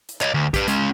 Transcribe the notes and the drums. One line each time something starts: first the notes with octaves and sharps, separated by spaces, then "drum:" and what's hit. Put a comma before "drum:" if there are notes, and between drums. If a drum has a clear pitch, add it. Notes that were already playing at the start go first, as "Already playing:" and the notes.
drum: hi-hat
C#5 D#5, drum: clap
D2
G4 B4, drum: kick, hi-hat
G#3 C#4, drum: hi-hat